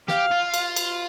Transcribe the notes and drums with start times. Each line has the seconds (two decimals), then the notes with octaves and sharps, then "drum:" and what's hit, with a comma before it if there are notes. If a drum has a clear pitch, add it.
0.08 G4 F5, drum: snare
0.31 F4
0.54 drum: cymbal
0.76 drum: cymbal